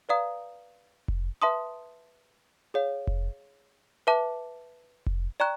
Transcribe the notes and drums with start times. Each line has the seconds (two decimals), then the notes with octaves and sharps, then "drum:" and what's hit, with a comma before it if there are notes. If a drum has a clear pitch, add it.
0.09 B4 D5 F5 A#5 D#6
1.08 drum: kick F1
1.42 B4 E5 A5 C6 D#6
2.74 G#4 C#5 F5
3.07 drum: kick F1
4.07 B4 E5 A5 D6
5.06 drum: kick F1
5.40 D5 G5 A#5 C#6 F#6